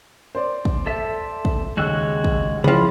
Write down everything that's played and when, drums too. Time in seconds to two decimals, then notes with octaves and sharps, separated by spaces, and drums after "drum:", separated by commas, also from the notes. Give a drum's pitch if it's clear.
0.35 C5 D5
0.65 drum: kick
0.86 A4 E5
1.45 drum: kick
1.77 D#2 C#3 G#3 F#4 E6 F#6
2.24 drum: kick
2.64 C#2 F3 C#4 E4 B5